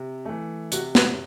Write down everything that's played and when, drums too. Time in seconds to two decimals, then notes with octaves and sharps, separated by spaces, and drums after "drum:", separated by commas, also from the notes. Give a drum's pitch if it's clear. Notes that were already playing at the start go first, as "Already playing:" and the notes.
Already playing: C3
0.25 E3 A3
0.72 C3 F#4, drum: hi-hat
0.95 F#4, drum: snare